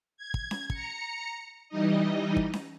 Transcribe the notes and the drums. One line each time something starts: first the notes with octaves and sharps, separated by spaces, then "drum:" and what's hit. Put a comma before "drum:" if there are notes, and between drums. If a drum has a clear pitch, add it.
G#6
drum: kick
drum: snare C#4
A#5 C#7, drum: kick
E3 G3 D#4 D#5
drum: kick
drum: snare C#4